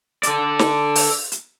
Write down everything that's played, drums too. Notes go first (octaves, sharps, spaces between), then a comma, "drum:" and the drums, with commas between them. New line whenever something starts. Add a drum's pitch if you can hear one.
A4 D5, drum: hi-hat
drum: snare
drum: open hi-hat
drum: hi-hat